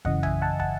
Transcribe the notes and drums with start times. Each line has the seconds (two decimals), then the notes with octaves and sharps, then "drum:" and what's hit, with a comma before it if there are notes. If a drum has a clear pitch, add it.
0.05 F#2 C#3 E3 D#5 F#5, drum: kick
0.23 E5 G#5, drum: tom A#1
0.42 F#5 A5
0.60 F#5 A5, drum: kick